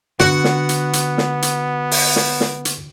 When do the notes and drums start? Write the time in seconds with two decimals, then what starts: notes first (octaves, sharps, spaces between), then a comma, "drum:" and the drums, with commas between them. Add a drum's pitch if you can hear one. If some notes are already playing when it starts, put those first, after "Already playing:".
0.20 D3 B3 F#4 F#5, drum: snare
0.44 drum: snare
0.69 drum: hi-hat
0.93 drum: hi-hat
1.18 drum: snare
1.42 drum: hi-hat
1.91 drum: open hi-hat
2.16 drum: snare
2.41 drum: snare
2.65 drum: hi-hat